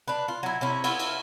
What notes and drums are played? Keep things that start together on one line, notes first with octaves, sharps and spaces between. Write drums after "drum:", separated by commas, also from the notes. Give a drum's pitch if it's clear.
D4 B4
F4
F#3 E4
C3 C#4 E4
B3 C#4 E4 F4, drum: cymbal
drum: cymbal